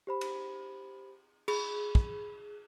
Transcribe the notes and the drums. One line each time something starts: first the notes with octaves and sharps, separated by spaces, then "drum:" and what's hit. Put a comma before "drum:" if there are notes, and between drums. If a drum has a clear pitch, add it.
G4 C5 B5
drum: cymbal
G#4 B5, drum: cymbal
drum: kick